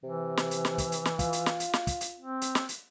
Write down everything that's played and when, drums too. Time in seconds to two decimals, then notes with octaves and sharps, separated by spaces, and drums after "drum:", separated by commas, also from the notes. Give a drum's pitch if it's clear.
0.04 C3 E3
0.37 drum: snare
0.51 drum: hi-hat
0.65 drum: snare
0.78 drum: kick, hi-hat
0.92 drum: hi-hat
1.05 drum: snare
1.19 F4, drum: kick, hi-hat
1.33 drum: hi-hat
1.46 drum: snare
1.60 drum: hi-hat
1.73 drum: snare
1.87 drum: kick, hi-hat
2.01 drum: hi-hat
2.19 C4
2.41 drum: hi-hat
2.55 drum: snare
2.69 drum: hi-hat